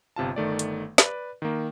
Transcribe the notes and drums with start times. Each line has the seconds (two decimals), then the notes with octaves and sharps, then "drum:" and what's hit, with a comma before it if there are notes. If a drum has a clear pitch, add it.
0.16 G1 C3 F4 A5
0.36 G1 D#3 A3 D5
0.59 drum: hi-hat
0.98 B4 D5, drum: snare
1.42 D#3 A#3